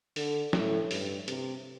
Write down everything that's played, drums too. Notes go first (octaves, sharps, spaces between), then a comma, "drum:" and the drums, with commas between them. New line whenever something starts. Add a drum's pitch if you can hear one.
D3, drum: open hi-hat
A2, drum: snare
G2, drum: open hi-hat
C3, drum: hi-hat